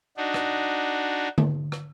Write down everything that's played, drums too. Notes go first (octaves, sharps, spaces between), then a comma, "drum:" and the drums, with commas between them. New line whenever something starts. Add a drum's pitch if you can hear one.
D4 D#4 F#4
drum: rim click
drum: tom D3
drum: rim click